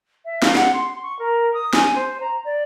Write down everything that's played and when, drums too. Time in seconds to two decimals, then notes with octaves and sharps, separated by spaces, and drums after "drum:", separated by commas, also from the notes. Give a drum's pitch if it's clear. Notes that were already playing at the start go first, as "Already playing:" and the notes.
0.25 E5
0.42 F5, drum: snare
0.55 F#5, drum: snare
0.73 C6
1.02 C#6
1.18 A#4
1.53 D#6
1.73 G#5, drum: snare
1.95 C5
2.20 A#5
2.44 D5